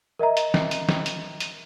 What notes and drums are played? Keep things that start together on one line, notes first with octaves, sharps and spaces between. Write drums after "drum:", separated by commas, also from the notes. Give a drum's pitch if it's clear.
A#4 D#5 E5 A#5
drum: hi-hat
drum: snare
drum: hi-hat
drum: snare
drum: hi-hat
drum: hi-hat